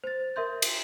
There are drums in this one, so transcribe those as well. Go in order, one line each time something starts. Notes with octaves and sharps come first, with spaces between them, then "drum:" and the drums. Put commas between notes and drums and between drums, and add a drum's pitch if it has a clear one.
C5 A6
A#4 E5 C6 G6
drum: cymbal